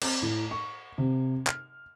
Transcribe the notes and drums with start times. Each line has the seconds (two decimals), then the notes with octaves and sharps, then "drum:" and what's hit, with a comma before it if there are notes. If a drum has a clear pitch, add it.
0.02 C4, drum: cymbal
0.22 A2
0.51 C#6
0.98 C3
1.47 F6, drum: clap